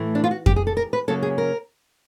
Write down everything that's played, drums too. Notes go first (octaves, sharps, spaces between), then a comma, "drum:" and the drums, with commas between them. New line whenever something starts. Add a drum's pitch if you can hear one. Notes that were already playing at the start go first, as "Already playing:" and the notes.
Already playing: A2 E3 A3
D4
F4
F#4
G4, drum: kick F2
G#4
A4
A#4
B4
F#2 C#3 F#3 A#3 C#4 A4
G#4
A#4